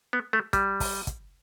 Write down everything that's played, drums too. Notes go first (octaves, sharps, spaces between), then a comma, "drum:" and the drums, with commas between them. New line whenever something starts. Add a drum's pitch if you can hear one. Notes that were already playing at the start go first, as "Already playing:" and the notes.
B3
A3
G3, drum: kick, hi-hat
drum: kick, open hi-hat
drum: kick, hi-hat